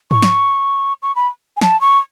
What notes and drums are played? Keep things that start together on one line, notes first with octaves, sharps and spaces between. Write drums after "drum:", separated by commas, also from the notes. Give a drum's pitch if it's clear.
C#6, drum: tom G#2
drum: snare
C#6
B5
G#5
A5, drum: snare
C#6